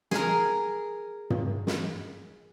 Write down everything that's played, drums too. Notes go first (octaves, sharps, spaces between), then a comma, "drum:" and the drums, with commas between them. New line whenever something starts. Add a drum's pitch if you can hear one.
G#4 A#4, drum: snare
drum: tom
drum: snare